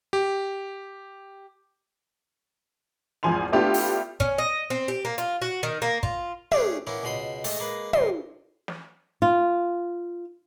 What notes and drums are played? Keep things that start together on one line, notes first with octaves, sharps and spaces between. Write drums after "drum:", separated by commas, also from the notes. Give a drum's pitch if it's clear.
G4
G#1 E2 F3 G#5 C6 F7
A3 B3 D4 E4 F4 G4
drum: open hi-hat
C#4, drum: kick
D#5
C4
G4
A#3
F4, drum: hi-hat
F#4
D#3
A#3
F4, drum: kick
A3 C#4 D4 G4 G#4, drum: tom
A#3 B3 C#4 E4
C#2 B2 B5 C6 D#6
G#3 A3 D#5, drum: open hi-hat
G#3 A#3 B4
C#2 G2 C6, drum: tom
drum: snare
F4